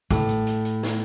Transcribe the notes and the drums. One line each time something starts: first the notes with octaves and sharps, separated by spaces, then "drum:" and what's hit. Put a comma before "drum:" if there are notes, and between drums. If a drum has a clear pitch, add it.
A2, drum: kick, hi-hat
drum: hi-hat
drum: hi-hat
drum: hi-hat
drum: snare